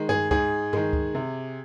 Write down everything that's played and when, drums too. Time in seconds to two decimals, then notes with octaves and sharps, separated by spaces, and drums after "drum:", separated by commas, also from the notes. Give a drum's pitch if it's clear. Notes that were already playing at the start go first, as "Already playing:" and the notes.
Already playing: D#3 G#3
0.09 G#4, drum: tom G2
0.31 G#2 G#4, drum: kick C#2
0.73 D#3 G#3, drum: tom G2
0.93 drum: kick C#2
1.15 C3